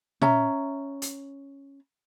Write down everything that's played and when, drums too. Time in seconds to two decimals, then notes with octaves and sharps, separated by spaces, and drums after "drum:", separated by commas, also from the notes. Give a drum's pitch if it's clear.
0.21 C#4 E5 A#5, drum: tom A#2
1.02 drum: hi-hat